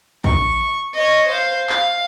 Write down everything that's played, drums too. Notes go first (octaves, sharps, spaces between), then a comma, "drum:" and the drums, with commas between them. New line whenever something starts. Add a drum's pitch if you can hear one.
C#6, drum: kick
C#5 D#5
C5 F5
F5, drum: clap